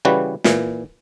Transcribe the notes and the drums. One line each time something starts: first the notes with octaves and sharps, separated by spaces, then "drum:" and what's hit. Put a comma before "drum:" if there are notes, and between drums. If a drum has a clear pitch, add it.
C#3 E3 G3 F#4 B4
A#2 E3, drum: snare